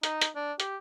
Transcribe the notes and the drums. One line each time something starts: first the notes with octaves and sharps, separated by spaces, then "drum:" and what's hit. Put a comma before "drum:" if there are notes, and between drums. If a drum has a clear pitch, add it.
D#4, drum: hi-hat
drum: hi-hat
D4
G4, drum: hi-hat